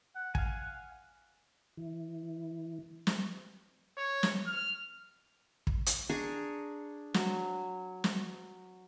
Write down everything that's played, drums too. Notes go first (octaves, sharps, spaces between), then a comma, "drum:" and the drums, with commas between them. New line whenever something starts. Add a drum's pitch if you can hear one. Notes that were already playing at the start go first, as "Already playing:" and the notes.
F#5
F5 G#5, drum: kick
E3
drum: snare
C#5
drum: snare
F6
drum: kick
drum: hi-hat
D4 G#4 A#5 C#6
F#3, drum: snare
drum: snare